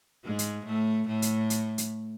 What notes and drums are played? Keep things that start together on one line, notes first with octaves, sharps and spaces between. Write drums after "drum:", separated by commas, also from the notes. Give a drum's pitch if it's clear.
G#2 G#3
drum: hi-hat
A2 A3
A2 A3
drum: hi-hat
drum: hi-hat
drum: hi-hat